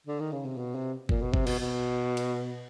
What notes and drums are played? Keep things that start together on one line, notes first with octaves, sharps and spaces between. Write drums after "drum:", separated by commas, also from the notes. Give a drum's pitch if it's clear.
D3
D#3
C#3
C3
B2
C3
A#2, drum: kick G1
B2
C3, drum: kick G1
B2, drum: cymbal
B2
drum: cymbal